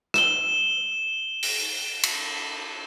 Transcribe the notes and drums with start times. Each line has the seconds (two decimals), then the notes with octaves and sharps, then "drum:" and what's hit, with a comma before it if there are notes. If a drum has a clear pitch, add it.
0.14 E7 G7, drum: rim click
1.43 drum: open hi-hat
2.03 drum: cymbal